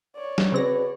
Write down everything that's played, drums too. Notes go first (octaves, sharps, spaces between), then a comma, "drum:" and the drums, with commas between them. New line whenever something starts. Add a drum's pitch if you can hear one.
C#5 D5
drum: snare
C#3 C4 F#4 G#4 B4 A#6